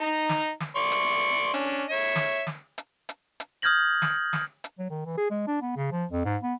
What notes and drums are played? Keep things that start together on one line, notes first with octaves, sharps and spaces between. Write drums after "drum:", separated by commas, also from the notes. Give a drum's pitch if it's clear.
D#4 A#5
drum: snare
drum: snare
D5 C6 C#6
drum: hi-hat
C#4 D4, drum: hi-hat
C#5 E5
drum: snare
drum: snare
drum: hi-hat
drum: hi-hat
drum: hi-hat
D#6 F6 G6 G#6 A#6 F#7
drum: snare
drum: snare
drum: hi-hat
F#3
D#3
E3
G#4
G#3
D4
B3
C#3
F3
F2
G#2
B3